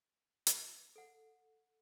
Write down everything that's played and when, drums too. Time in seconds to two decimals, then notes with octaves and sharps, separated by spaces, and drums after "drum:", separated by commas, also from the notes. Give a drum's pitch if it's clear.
0.47 drum: hi-hat
0.96 A4 F#5